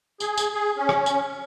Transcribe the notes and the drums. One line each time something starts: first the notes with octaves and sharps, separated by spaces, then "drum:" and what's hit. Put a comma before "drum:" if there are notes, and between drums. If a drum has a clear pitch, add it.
G#4, drum: tambourine
drum: tambourine
G#4
C#4
drum: rim click
drum: tambourine